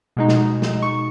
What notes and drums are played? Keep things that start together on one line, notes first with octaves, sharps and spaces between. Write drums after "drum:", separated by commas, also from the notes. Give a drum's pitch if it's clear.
B2 G#3 D#4
drum: snare
drum: snare
C#6